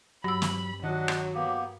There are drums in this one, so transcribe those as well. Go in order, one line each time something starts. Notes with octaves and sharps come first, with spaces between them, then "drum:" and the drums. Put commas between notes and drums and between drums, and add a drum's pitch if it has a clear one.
G2 F#3 B5 E6
drum: snare
D#3 F#3 D4 D#5 F#5
drum: rim click
A#3 B3 G4